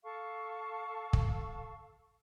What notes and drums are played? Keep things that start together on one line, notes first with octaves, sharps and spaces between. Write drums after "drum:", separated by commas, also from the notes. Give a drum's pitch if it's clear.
A4 F5 A5 C#6
drum: kick